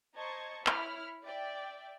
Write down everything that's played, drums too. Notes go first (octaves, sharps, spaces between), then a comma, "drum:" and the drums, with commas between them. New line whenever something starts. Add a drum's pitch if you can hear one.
C5 D#5 A5 A#5 C#6 G#6
E4 C#5 B5 F6, drum: clap
D5 E5 G5